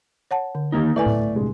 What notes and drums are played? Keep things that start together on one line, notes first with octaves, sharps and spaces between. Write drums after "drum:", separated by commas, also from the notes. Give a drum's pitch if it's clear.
C#5 F#5 A5
D3
D#3 A#3 D#4
A3 E4 B4 D5 G#5
drum: tom A2
C2 G2 G#3